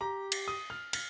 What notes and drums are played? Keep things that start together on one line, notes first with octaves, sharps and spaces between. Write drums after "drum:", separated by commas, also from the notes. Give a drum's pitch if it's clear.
G4 A#5
drum: cymbal
D#6
F6
F6, drum: cymbal